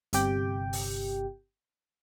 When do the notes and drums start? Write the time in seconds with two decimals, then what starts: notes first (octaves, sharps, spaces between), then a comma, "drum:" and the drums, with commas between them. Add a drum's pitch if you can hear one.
0.13 G1 C3 G4 G5, drum: hi-hat
0.73 drum: open hi-hat